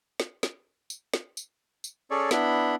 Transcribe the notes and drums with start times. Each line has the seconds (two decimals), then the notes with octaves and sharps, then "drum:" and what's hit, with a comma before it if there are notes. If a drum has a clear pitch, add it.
0.20 drum: snare
0.43 drum: snare
0.90 drum: tambourine
1.14 drum: snare
1.37 drum: tambourine
1.84 drum: tambourine
2.11 C#4 G#4 A4 C#5 D5
2.31 B3 D4 E4 B5, drum: snare